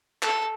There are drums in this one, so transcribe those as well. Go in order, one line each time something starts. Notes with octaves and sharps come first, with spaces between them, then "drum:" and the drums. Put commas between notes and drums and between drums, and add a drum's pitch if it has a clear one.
A4, drum: clap